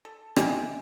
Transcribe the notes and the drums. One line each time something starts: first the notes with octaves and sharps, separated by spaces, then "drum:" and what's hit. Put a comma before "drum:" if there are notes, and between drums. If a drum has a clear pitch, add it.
A4
D#4 E4 G5 G#5, drum: rim click